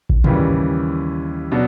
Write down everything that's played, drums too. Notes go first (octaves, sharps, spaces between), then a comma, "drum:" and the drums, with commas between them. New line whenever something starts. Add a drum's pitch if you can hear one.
drum: kick A1
D#2 C#3 E3 G3, drum: tom G#2
B2 F#3 B3 D4